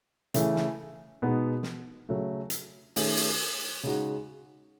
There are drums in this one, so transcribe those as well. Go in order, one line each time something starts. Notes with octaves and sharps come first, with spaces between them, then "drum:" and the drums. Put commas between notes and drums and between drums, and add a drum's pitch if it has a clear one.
C#3 E3 A3 E4, drum: hi-hat
drum: snare
B2 G#3 B3 D#4
drum: snare
C#3 F#3 A3
drum: hi-hat
D#3 A3 C#4 G#4, drum: open hi-hat
drum: open hi-hat
C#3 G#3 D#4 F#4